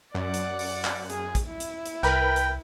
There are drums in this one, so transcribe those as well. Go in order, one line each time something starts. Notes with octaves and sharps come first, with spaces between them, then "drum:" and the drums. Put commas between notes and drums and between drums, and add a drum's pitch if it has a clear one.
F#2 D5 F#5
drum: hi-hat
drum: open hi-hat
drum: clap
G#4, drum: hi-hat
drum: kick, hi-hat
E4
drum: hi-hat
drum: hi-hat
C2 A#4 B4 G5 B5
drum: hi-hat